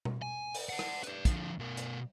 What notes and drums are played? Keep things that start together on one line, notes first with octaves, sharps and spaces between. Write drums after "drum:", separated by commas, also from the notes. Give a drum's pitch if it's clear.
drum: tom B2
G#5
drum: open hi-hat
D5 F#5
drum: rim click
B4 D5, drum: hi-hat
D3 F3, drum: kick, hi-hat
B2 A#4
drum: hi-hat